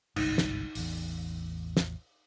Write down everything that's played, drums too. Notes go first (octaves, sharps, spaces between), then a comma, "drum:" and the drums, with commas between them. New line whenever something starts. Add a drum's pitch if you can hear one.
G1 C2 G#2 D#4, drum: cymbal
drum: snare
A1 E2, drum: open hi-hat
drum: snare